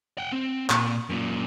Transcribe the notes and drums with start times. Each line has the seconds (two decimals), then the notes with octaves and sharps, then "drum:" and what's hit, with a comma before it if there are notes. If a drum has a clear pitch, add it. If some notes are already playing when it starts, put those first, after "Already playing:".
0.18 F#5 G5
0.32 C4
0.70 A#2, drum: clap C#6
1.10 F#2 A#2